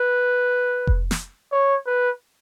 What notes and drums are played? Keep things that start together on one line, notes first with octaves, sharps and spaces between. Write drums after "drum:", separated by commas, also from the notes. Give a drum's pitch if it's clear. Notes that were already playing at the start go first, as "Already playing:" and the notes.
Already playing: B4
drum: kick F1
drum: snare
C#5
B4